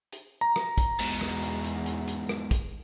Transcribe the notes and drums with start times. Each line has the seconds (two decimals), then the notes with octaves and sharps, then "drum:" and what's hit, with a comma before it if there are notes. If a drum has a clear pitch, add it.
0.12 drum: hi-hat
0.41 A#5
0.56 drum: rim click
0.78 drum: kick, hi-hat
0.99 E2 G#2 B2, drum: open hi-hat
1.21 drum: rim click
1.43 drum: hi-hat
1.64 drum: hi-hat
1.86 drum: hi-hat
2.08 drum: hi-hat
2.29 drum: rim click
2.51 drum: kick, hi-hat